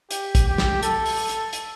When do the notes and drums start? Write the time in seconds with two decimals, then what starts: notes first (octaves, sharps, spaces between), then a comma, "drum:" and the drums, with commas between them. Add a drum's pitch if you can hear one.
0.11 G4, drum: hi-hat
0.35 drum: kick, hi-hat
0.47 G4
0.58 drum: snare
0.83 A4, drum: hi-hat
1.06 drum: open hi-hat
1.29 drum: hi-hat
1.53 drum: hi-hat